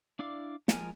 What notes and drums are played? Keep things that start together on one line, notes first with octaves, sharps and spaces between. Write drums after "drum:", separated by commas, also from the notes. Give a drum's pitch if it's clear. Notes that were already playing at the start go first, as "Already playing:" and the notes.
D4 E4 D5 F5 D6
F3 G#3 A#4 G#5 F6, drum: snare